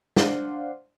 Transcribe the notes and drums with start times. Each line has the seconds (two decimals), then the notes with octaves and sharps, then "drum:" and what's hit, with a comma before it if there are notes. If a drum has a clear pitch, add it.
0.16 D4 C5 D5 F5 F#5 C6, drum: snare